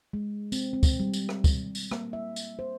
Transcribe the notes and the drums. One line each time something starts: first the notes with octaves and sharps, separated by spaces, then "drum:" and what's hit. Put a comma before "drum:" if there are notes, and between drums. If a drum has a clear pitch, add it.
G#3
C4, drum: tambourine
C4
drum: kick, tambourine
G3
drum: tambourine
drum: rim click
drum: kick, tambourine
drum: tambourine
A#3, drum: rim click
E5
drum: tambourine
C5